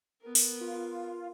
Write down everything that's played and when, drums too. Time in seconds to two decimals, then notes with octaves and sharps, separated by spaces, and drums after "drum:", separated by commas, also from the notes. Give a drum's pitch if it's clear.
0.22 B3 A#4
0.35 drum: open hi-hat
0.61 F4